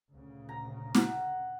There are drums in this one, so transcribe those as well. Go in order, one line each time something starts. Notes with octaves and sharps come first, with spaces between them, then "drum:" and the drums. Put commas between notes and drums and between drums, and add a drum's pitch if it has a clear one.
D2 A#2 C#3
A#5
F#5, drum: snare